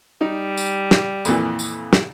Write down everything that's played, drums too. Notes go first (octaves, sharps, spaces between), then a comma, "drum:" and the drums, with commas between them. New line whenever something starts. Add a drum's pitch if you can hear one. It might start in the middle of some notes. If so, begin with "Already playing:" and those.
G3 D#4
drum: tambourine
drum: snare
F2 A#2 E3, drum: tambourine
drum: tambourine
drum: snare